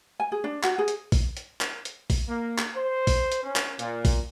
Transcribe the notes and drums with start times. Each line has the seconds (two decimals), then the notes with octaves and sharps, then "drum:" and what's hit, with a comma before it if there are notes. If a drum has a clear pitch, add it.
0.20 G#5
0.32 G#4
0.44 D4
0.63 F#4, drum: clap
0.78 G#4
0.88 drum: hi-hat
1.12 drum: kick, open hi-hat
1.37 drum: hi-hat
1.61 drum: clap
1.85 drum: hi-hat
2.10 drum: kick, open hi-hat
2.28 A#3
2.58 drum: clap
2.76 C5
3.07 drum: kick, open hi-hat
3.32 drum: hi-hat
3.43 C#4
3.56 drum: clap
3.79 A#2, drum: hi-hat
4.05 drum: kick, open hi-hat